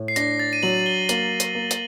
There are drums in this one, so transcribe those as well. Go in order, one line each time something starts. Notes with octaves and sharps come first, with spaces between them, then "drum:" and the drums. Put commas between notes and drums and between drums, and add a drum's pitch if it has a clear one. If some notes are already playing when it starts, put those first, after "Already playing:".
Already playing: A2
C7
D4 A#6, drum: hi-hat
A6
D#7
F#3 F#7
G7
A#3 F#7, drum: hi-hat
drum: hi-hat
A#3
drum: hi-hat